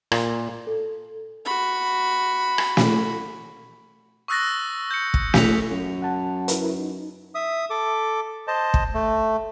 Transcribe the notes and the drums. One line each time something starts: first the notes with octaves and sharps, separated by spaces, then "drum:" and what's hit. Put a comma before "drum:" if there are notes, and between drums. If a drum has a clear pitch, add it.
A#2, drum: rim click
A4
F#4 B5
drum: rim click
drum: snare
C#6 D#6 E6 F#6 A6 A#6
G6 C#7
drum: kick
G6 B6 F7, drum: snare
F#2
F#5 A5
E4 A#4 B4, drum: hi-hat
D#4
E5 D#6
A4 D6
C5 D#5 A5
drum: kick
A3